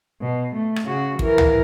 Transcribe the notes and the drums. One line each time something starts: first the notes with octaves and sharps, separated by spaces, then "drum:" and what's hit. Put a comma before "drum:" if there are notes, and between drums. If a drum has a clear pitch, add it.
B2
A3
drum: rim click
C#3 F#4
E3 A#4, drum: kick
drum: tom C#2